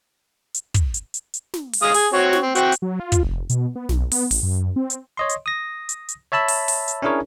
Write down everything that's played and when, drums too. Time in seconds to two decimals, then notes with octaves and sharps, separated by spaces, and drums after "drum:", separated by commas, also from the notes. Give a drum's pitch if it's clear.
0.55 drum: hi-hat
0.74 drum: kick, hi-hat
0.94 drum: hi-hat
1.14 drum: hi-hat
1.34 drum: hi-hat
1.54 drum: snare
1.73 drum: open hi-hat
1.82 G#3 F5 D#6
1.94 G#4, drum: open hi-hat
2.13 C4 F#4 C#5
2.33 drum: snare
2.42 C4
2.55 C4 F#4 G5, drum: hi-hat
2.72 drum: hi-hat
2.82 F#3
3.00 F4
3.12 drum: kick, hi-hat
3.23 F1
3.50 B2, drum: hi-hat
3.76 B3
3.89 B1, drum: snare
4.12 B3, drum: open hi-hat
4.31 A1, drum: open hi-hat
4.43 F#2
4.76 C4
4.90 drum: hi-hat
5.17 C#5 D#5 C6
5.30 drum: hi-hat
5.46 D#6 A#6
5.89 drum: hi-hat
6.09 drum: hi-hat
6.32 C#5 E5 A5 B5 E6
6.48 drum: open hi-hat
6.68 drum: open hi-hat
6.88 drum: hi-hat
7.02 C#4 D4 E4 G#4 A#4 C#5